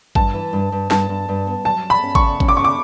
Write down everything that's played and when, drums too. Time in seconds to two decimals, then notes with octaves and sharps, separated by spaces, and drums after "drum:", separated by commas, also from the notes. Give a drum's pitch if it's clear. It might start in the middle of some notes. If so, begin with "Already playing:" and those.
0.15 G2 A5, drum: kick G#1
0.34 E3
0.53 G2
0.72 G2
0.91 G2 A5, drum: snare
1.09 G2
1.29 G2
1.47 B3
1.65 F#3 A5
1.83 C#4
1.90 B5
2.03 C#4
2.15 C#6, drum: kick G#1
2.21 C#3
2.40 C#4, drum: kick G#1
2.48 D6
2.57 C#3 C#6
2.64 D6